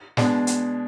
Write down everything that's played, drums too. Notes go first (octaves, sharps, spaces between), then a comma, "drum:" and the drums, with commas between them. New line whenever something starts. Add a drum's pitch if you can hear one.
B2 G#3 B3 D4, drum: snare
drum: hi-hat